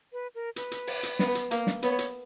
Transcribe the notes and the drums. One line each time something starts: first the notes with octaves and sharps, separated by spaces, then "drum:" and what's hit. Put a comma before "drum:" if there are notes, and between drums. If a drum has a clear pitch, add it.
B4
A#4
B4, drum: hi-hat
drum: hi-hat
drum: open hi-hat
drum: hi-hat
B3, drum: snare
drum: hi-hat
A#3, drum: hi-hat
drum: snare
B3 C#5, drum: hi-hat
drum: hi-hat